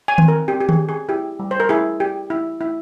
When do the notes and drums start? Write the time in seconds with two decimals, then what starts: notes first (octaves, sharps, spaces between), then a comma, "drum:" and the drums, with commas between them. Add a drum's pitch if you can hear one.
0.08 G#5
0.18 C4, drum: tom D#3
0.28 A#4
0.48 C4 G4
0.60 G4
0.69 G#4, drum: tom D#3
0.79 G4
0.89 G#4
1.09 E4 G4
1.39 G3
1.51 C5
1.60 A#4
1.69 E4 G#4
2.00 G4
2.30 E4
2.61 E4